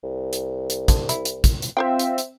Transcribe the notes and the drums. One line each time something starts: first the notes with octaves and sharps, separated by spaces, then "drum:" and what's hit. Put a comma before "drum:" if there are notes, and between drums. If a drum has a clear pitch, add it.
C2
drum: hi-hat
drum: hi-hat
D3, drum: kick, hi-hat
E4, drum: hi-hat
drum: hi-hat
drum: kick, hi-hat
drum: hi-hat
C4 F4 C5 E5 F5 G5
drum: hi-hat
drum: hi-hat